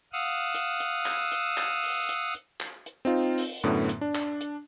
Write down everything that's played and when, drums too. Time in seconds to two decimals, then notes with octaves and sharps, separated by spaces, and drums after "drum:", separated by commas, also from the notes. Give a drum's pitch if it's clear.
0.13 F5 F#5 D#6 E6
0.54 drum: hi-hat
0.80 drum: hi-hat
1.06 drum: clap
1.32 drum: hi-hat
1.57 drum: clap
1.83 drum: open hi-hat
2.09 drum: hi-hat
2.35 drum: hi-hat
2.61 drum: clap
2.86 drum: hi-hat
3.05 C4 D#4 F4
3.38 drum: open hi-hat
3.64 F#2 A2 D3 B3, drum: hi-hat
3.89 drum: hi-hat
4.01 D4
4.15 drum: clap
4.41 drum: hi-hat